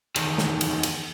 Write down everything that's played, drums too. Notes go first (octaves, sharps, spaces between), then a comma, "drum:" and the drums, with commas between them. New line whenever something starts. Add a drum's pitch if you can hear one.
E2 D#3, drum: cymbal
drum: snare
drum: cymbal
drum: cymbal